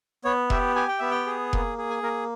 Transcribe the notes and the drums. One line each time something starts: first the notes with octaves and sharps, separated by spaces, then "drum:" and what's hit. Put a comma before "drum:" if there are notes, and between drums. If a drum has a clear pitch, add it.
B3 C#5
G4 E5, drum: kick F1
G4 G#5
G5
B3 E5
G5
G#4
A#3, drum: kick F1
G#4
G#5
A#3 A#4